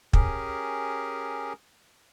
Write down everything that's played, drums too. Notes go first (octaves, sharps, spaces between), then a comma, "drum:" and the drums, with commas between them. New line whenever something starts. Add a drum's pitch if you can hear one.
C#4 G4 G#4 A#4, drum: kick